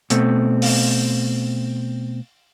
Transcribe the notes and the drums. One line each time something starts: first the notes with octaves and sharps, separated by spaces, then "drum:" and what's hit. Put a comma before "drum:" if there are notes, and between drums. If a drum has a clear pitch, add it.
B2 A3 C4, drum: hi-hat
drum: open hi-hat